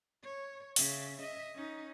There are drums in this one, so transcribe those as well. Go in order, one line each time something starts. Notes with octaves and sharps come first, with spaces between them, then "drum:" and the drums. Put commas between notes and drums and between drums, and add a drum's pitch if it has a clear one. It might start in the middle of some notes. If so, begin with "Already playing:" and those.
C#5
C#3 E5, drum: open hi-hat
D#5 E5
C#4 D#4